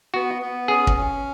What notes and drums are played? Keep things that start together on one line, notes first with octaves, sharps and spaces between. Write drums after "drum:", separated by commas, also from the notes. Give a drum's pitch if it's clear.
B3 F#4
B3
C#4 G#4
drum: kick
C#4